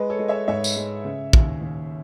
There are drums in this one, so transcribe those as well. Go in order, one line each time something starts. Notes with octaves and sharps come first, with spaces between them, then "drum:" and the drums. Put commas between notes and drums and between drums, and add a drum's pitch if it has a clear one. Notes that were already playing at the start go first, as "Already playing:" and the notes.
Already playing: G#3 B4 D#5
A4 C#5
G#3
C#5 E5
G#2 C#5 E5
drum: tambourine
G#3
C#3
D#2, drum: kick
D#2